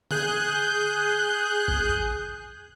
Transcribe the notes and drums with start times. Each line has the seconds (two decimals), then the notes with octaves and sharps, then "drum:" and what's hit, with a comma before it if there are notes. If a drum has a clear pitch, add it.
0.11 G#4 F#6 G6, drum: tom D3
1.68 drum: kick A1